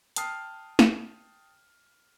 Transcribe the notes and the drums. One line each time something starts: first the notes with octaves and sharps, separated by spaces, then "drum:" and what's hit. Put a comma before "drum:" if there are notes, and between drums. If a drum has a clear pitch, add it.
G5 A5 D#6 F6 C7, drum: hi-hat
drum: snare